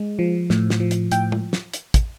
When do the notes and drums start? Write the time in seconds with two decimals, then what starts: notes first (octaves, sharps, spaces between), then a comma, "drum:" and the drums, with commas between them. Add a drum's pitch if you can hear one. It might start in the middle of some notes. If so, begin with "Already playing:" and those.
Already playing: G#3
0.19 F3
0.50 A2, drum: snare
0.70 drum: snare
0.80 F3
0.91 drum: hi-hat
1.12 A2 G5, drum: hi-hat
1.32 drum: tom
1.53 drum: snare
1.74 drum: hi-hat
1.94 drum: kick, hi-hat